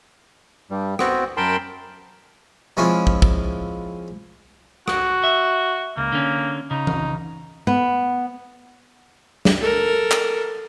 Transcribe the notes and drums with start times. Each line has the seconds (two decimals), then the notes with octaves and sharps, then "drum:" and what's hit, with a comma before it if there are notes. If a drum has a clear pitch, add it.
0.71 G2 G3
0.99 B3 C4 F#4, drum: rim click
1.37 F#2 A#4 G5 A5 B5 C6
2.77 F3 G#3 C4 C#4 E4 F4
3.07 drum: kick
3.22 drum: kick
4.88 F#4, drum: rim click
5.24 E5
5.97 C#2 A#3
6.13 D3 C#4
6.71 C#3 D#4
6.87 drum: tom E3
7.67 B3
9.45 drum: snare
9.60 A4 A#4
10.11 drum: clap